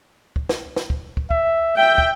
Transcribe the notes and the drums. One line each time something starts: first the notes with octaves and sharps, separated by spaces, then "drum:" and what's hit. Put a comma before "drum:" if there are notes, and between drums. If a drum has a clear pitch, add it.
drum: kick
drum: snare
drum: snare
drum: kick
drum: kick
E5, drum: kick
E5 G5
drum: kick